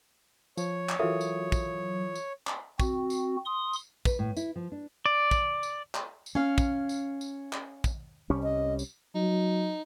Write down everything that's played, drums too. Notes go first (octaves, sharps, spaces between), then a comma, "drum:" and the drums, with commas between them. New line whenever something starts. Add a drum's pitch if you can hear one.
F3 C#5, drum: tambourine
drum: clap
E3 F#3 F4 A4 A#4 E5 D#6
drum: tambourine
drum: kick, tambourine
drum: tambourine
drum: clap
C4 F#4, drum: kick, tambourine
drum: tambourine
C6 D#6
drum: tambourine
B4, drum: kick, tambourine
A2
E4, drum: tambourine
F3
D4
D5
drum: kick, tambourine
drum: tambourine
drum: clap
drum: tambourine
C#4 F5
drum: kick, tambourine
drum: tambourine
drum: tambourine
drum: clap
drum: kick, tambourine
C2 G3 C#4
D#5
drum: tambourine
F#3 D#4